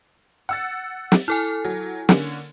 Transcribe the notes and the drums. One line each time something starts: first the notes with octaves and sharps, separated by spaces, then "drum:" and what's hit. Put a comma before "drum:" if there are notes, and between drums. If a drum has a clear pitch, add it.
F#5 E6 A6
drum: snare
E4 A4 G#5 F6
F#3
D3 A#3 C#4, drum: snare